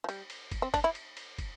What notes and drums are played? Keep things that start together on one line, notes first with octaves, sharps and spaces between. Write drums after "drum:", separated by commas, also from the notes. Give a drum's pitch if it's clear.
F3
G3, drum: cymbal
drum: cymbal
drum: kick, cymbal
C4
D4, drum: kick, cymbal
E4
drum: cymbal
drum: cymbal
drum: kick, cymbal